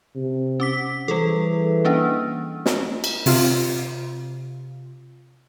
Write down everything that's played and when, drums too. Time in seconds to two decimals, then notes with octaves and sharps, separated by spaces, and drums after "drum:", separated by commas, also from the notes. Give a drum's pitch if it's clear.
0.15 C3
0.60 C#4 D6 B6
1.08 E3 G3 G#4 A4
1.85 A#3 C#4 D4
2.66 drum: snare
3.04 drum: cymbal
3.26 C3 F4, drum: open hi-hat